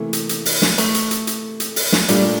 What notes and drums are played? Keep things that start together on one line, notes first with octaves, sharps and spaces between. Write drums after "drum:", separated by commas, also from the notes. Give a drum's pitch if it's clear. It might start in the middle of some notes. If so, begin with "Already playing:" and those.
Already playing: C3 E3 A3 A#3 E4
drum: hi-hat
drum: hi-hat
drum: open hi-hat
drum: snare
A3, drum: hi-hat
drum: hi-hat
drum: hi-hat
drum: hi-hat
drum: hi-hat
drum: open hi-hat
drum: snare
A#2 G3 A3 D4 F4, drum: hi-hat